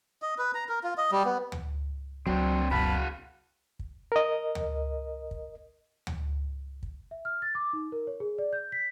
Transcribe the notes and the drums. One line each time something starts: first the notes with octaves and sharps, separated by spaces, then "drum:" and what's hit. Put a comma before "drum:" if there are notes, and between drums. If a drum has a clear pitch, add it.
D#5
B4
A#5
A#4
F4
D#5
G3
B3
drum: tom D2
C#2 F#3 C4 D4, drum: kick
F#1 F#2 B2 F#4 F5 A5 B5
drum: kick
A#4 D#5
drum: tom D2
drum: kick
drum: tom D2
drum: kick
E5
F6
A6
D6
D#4
A#4
C#5
G#4
D5
G6
B6